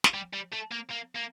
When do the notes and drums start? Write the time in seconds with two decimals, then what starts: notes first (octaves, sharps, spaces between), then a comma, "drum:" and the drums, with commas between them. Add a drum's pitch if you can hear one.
0.04 drum: snare
0.14 G3
0.33 G3
0.53 A3
0.72 A#3
0.91 A#3
1.16 A#3